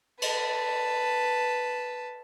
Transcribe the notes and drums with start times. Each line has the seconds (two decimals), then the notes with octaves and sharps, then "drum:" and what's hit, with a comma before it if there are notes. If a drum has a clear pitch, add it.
0.22 B4 A5, drum: cymbal